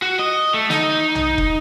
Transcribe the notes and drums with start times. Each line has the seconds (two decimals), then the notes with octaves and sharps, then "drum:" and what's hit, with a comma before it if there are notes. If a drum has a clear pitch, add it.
0.02 F#4
0.19 D#5
0.54 A3
0.70 D#4, drum: snare
1.15 drum: tom A#1
1.38 drum: kick